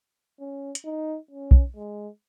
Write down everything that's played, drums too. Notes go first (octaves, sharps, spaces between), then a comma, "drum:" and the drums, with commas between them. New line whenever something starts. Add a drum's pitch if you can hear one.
C#4
drum: hi-hat
D#4
C#4
drum: kick B1
G#3